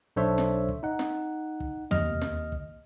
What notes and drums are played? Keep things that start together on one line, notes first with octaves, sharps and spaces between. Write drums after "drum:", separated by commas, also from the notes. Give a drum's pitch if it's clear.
B1 D4 A4 C5 C#5 E5
drum: snare
drum: kick
D#4 F#5
drum: snare
drum: kick
D#2 D#5 F6, drum: tom E2
drum: snare
drum: kick